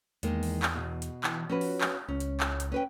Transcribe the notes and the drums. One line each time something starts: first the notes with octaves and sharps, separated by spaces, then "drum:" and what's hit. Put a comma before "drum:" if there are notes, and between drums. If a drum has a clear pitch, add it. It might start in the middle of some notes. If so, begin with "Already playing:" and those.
E2 D#3 G#3 A#3, drum: hi-hat
drum: open hi-hat
drum: clap
B2
drum: hi-hat
E3, drum: clap
F3 C#4 F#4 B4
drum: open hi-hat
drum: clap
C#2 C#4
drum: hi-hat
drum: clap
drum: hi-hat
C#4 B4 G5